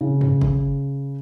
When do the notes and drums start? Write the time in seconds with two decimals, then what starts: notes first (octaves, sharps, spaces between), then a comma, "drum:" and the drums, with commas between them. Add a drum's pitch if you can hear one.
0.01 C#3
0.21 drum: tom
0.41 drum: kick